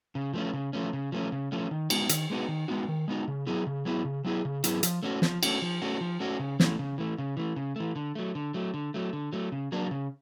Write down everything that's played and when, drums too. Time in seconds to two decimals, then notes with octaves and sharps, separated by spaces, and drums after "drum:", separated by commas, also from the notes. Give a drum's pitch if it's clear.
0.15 C#3
0.33 F3 A3 C#4
0.53 C#3
0.73 F3 A3 C#4
0.93 C#3
1.12 F3 A3 C#4
1.32 C#3
1.52 F3 A3 C#4
1.71 D#3
1.90 G#3 B3 D#4 F#4, drum: cymbal
2.09 D#3, drum: hi-hat
2.30 G#3 B3 D#4 F#4
2.48 D#3
2.68 G#3 B3 D#4 F#4
2.88 D#3
3.08 G#3 B3 D#4 F#4
3.28 C#3
3.47 F#3 B3 E4 G#4
3.67 C#3
3.85 F#3 B3 E4 G#4
4.05 C#3
4.25 F#3 B3 E4 G#4
4.45 C#3
4.64 F#3 B3 E4 G#4, drum: hi-hat
4.83 F3, drum: hi-hat
5.03 A3 C#4 F#4
5.22 F3, drum: snare
5.43 A3 C#4 F#4, drum: cymbal
5.62 F3
5.82 A3 C#4 F#4
6.01 F3
6.20 A3 C#4 F#4
6.39 C#3
6.60 E3 A3, drum: snare
6.79 C#3
6.98 E3 A3
7.18 C#3
7.37 E3 A3
7.56 C#3
7.76 E3 A3
7.96 D3
8.15 F#3 A3
8.35 D3
8.54 F#3 A3
8.74 D3
8.94 F#3 A3
9.13 D3
9.33 F#3 A3
9.52 C#3
9.72 F#3 A#3 D4
9.91 C#3